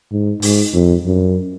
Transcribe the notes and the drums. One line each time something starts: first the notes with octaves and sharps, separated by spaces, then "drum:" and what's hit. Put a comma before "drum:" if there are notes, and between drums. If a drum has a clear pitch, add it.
G#2
G#2, drum: open hi-hat
F2
F#2